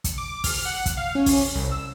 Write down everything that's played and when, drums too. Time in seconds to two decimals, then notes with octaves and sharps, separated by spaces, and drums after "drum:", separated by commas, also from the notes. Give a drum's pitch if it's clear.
0.04 drum: kick, hi-hat
0.18 D6
0.44 F6, drum: kick, open hi-hat
0.65 F#5
0.86 drum: kick, hi-hat
0.97 F5
1.15 C#4
1.26 drum: kick, open hi-hat
1.55 C2
1.71 E6